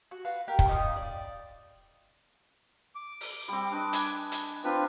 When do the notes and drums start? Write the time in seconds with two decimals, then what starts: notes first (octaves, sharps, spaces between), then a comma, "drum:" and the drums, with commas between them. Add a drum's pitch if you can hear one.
0.11 F#4
0.25 F4 F#4 B4
0.48 G4 A#4 G5
0.59 drum: kick
0.68 C#4 D#4 F4 D#6
0.96 D5
2.95 D6
3.21 drum: open hi-hat
3.48 G3 C4
3.71 D4 B4 D#5
3.93 G#5, drum: hi-hat
4.32 drum: hi-hat
4.64 C4 D4 F4 B4